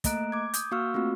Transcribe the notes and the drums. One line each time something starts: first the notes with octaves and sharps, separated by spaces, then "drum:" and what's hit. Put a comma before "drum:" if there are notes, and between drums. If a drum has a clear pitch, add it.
A3 A#3 D#5 A#5 F#6 D7, drum: kick, hi-hat
D6 G#6
D#6 G6, drum: hi-hat
A#3 F#4 F5 C#6 E6 F6
A3 C4 F4 F#4